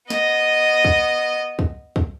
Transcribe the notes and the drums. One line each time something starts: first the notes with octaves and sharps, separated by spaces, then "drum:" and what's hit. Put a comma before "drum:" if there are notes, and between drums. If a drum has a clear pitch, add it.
B3 D#5, drum: snare
drum: kick
drum: kick
drum: kick